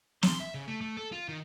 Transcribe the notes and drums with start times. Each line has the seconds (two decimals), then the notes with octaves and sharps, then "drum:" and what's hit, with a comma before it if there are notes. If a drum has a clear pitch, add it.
0.23 C6, drum: snare
0.40 E5
0.54 C#3
0.67 A3
0.81 A3
0.97 A4
1.12 F4
1.28 D#3